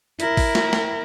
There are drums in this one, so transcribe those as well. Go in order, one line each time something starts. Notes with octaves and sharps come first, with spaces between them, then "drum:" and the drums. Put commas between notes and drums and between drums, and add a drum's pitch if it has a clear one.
E4 A#4, drum: hi-hat
drum: kick A1, open hi-hat
drum: snare
drum: snare